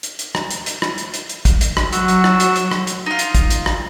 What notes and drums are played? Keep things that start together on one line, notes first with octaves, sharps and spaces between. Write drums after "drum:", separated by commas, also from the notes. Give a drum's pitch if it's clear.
drum: hi-hat
drum: hi-hat
drum: rim click
drum: hi-hat
drum: hi-hat
drum: rim click
drum: hi-hat
drum: hi-hat
drum: hi-hat
drum: kick, hi-hat
drum: hi-hat
drum: rim click
F#3 F#4 E6, drum: hi-hat
drum: hi-hat
drum: rim click
drum: hi-hat
drum: hi-hat
drum: rim click
drum: hi-hat
D#4 F4
drum: hi-hat
drum: kick, hi-hat
drum: hi-hat
drum: rim click